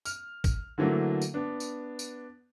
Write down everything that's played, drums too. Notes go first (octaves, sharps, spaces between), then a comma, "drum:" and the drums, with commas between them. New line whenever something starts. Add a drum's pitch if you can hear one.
F6, drum: tambourine
drum: kick, tambourine
D3 E3 F#3 A3 A#3
drum: tambourine
B3 D4
drum: tambourine
drum: tambourine